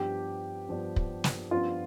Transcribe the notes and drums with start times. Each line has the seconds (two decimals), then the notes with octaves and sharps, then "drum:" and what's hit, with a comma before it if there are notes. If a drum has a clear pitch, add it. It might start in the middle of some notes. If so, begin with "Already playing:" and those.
Already playing: G2 F3 B3 D4 G4
0.69 G2 F3 B3 D4
0.96 drum: kick
1.24 drum: snare
1.51 G2 F3 B3 D4 F4